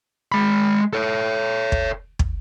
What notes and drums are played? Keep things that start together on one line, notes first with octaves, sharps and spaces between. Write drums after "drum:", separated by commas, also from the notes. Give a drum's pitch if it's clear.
G#3 B5
A4 C#5
drum: kick
drum: kick